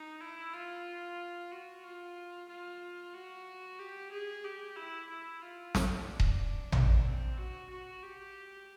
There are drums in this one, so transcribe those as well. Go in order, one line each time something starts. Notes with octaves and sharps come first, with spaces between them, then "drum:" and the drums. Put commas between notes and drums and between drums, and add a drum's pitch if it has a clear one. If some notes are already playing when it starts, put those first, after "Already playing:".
Already playing: D#4
E4
F4
F#4
F4
F4
F#4
G4
G#4
G4
E4
E4
F4
D4, drum: snare
drum: kick D#1
D4, drum: tom
C4
F#4
F#4
G4